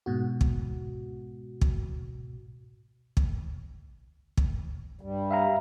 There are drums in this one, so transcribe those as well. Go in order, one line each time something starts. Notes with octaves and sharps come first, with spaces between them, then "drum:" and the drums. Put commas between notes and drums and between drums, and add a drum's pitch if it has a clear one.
G#2 B2 F#4
drum: kick
drum: kick
drum: kick
drum: kick
G2 G3
E5 F5 A#5